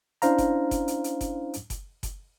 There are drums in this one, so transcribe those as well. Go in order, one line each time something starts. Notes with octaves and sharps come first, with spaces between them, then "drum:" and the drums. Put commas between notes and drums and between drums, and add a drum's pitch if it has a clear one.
C#4 D4 E4 C5 F5 A#5, drum: hi-hat
drum: kick F#1, hi-hat
drum: kick F#1, hi-hat
drum: hi-hat
drum: hi-hat
drum: kick F#1, hi-hat
drum: hi-hat
drum: kick F#1, hi-hat
drum: kick F#1, hi-hat